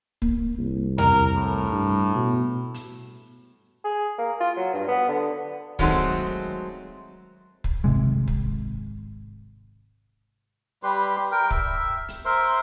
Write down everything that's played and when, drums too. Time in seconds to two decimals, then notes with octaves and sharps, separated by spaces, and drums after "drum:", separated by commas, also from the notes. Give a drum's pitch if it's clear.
0.22 A#3, drum: kick
0.58 C2
0.98 A#4, drum: tom E2
1.35 A2
1.70 G2
2.15 B2
2.74 drum: hi-hat
3.84 G#4
4.18 A#3
4.40 F4
4.57 F#3
4.74 G2
4.88 B3
5.09 D3
5.79 D#3 F#3 G#3 A3 C4, drum: kick
7.64 drum: kick
7.84 G#1 C3 G#3
8.28 drum: kick
10.83 G3 G4 B4 C6
11.31 A#4 G5
11.51 E5, drum: kick
12.08 drum: hi-hat
12.25 A#4 C5 E5 C6